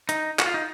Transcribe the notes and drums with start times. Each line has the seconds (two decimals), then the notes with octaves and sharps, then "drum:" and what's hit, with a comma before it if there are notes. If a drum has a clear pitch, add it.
0.09 D#4, drum: hi-hat
0.39 F#4, drum: clap
0.46 F4
0.54 D#4